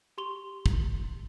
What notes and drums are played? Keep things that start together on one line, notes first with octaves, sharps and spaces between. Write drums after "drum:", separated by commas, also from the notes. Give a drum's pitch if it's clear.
G4 C6 C#6 F7 G7
drum: kick